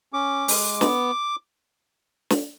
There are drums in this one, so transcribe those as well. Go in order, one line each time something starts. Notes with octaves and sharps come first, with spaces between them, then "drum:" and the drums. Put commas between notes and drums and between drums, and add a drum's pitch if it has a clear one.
C#4 D6
G#3, drum: open hi-hat
B3, drum: snare
drum: snare